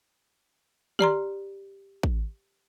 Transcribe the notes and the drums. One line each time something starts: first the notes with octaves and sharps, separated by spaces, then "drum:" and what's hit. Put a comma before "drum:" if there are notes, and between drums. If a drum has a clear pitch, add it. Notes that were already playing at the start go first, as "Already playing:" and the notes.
G4 D5 A#5 C6, drum: tom
drum: kick